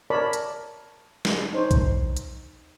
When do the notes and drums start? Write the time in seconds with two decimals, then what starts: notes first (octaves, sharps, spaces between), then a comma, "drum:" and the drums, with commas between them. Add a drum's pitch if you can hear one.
0.10 A#4 C#5 D5 A5 B5
0.33 drum: hi-hat
1.25 drum: snare
1.53 D#4 C5 C#5
1.71 drum: kick A#1, hi-hat
2.17 drum: hi-hat